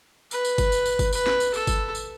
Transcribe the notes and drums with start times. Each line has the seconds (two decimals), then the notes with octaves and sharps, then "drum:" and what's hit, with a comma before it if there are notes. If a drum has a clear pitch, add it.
0.31 B4, drum: tambourine
0.45 drum: tambourine
0.58 drum: kick G1, tambourine
0.72 drum: tambourine
0.86 drum: tambourine
0.99 drum: kick G1, tambourine
1.13 B4, drum: tambourine
1.26 drum: snare
1.40 drum: tambourine
1.54 A4, drum: tambourine
1.67 drum: kick G1, tambourine
1.95 drum: tambourine